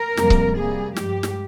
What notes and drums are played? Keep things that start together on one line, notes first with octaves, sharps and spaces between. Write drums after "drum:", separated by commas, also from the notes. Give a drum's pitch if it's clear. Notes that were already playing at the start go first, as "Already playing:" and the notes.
Already playing: A#4
F2 C3 G3 A#3, drum: snare
drum: kick C#1
C3 G3 A#3 G#4
G2 F3 G#3 G4, drum: snare
drum: snare